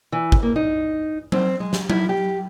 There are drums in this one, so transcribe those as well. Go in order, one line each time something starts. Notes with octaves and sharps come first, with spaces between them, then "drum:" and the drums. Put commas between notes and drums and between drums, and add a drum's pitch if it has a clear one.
E3
drum: kick
A#3
D#4
C4, drum: tom F#3
G#3
drum: snare
E4, drum: tom F#3
G4